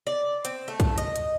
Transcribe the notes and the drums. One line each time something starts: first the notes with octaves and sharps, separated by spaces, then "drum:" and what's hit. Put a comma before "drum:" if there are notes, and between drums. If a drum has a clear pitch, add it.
D5
C4, drum: hi-hat
A3
drum: kick, hi-hat
D#5, drum: hi-hat
drum: hi-hat